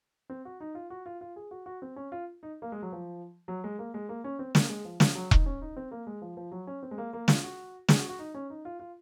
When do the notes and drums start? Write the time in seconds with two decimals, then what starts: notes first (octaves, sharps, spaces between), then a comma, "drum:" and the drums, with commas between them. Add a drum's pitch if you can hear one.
0.30 C4
0.45 F#4
0.60 D#4
0.75 F4
0.90 F#4
1.06 F4
1.21 F4
1.36 G#4
1.51 F#4
1.66 F#4
1.82 C4
1.96 C#4
2.12 F4
2.43 D#4
2.62 A#3
2.72 G#3
2.82 F#3
2.92 F3
3.48 F#3
3.64 G#3
3.79 A#3
3.94 G#3
4.09 A#3
4.24 C#4
4.39 C4
4.55 A#3, drum: snare
4.70 G#3
4.85 F3
5.00 F3, drum: snare
5.15 F#3
5.31 D#4, drum: kick E1
5.46 C#4
5.62 D#4
5.77 C4
5.91 A#3
6.07 G#3
6.22 F3
6.37 F3
6.52 F#3
6.67 C#4
6.83 C4
6.91 G#3
6.98 A#3
7.13 A#3
7.28 F4, drum: snare
7.44 F#4
7.88 G#4, drum: snare
7.99 F#4
8.09 F#4
8.19 D#4
8.35 C#4
8.50 D#4
8.65 F4
8.80 F4